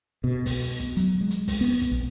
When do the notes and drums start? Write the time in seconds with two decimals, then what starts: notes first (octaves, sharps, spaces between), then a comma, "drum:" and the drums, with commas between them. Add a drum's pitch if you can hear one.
0.24 B2
0.46 drum: kick, open hi-hat
0.63 drum: hi-hat
0.80 drum: kick, hi-hat
0.97 F#3, drum: hi-hat
1.21 G#3
1.31 drum: hi-hat
1.48 drum: kick, open hi-hat
1.61 B3
1.82 drum: kick, hi-hat
1.91 A#1